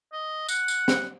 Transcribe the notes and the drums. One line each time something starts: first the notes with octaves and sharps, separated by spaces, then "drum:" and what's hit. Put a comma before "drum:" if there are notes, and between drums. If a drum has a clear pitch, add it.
D#5
F#5, drum: tambourine
drum: tambourine
drum: snare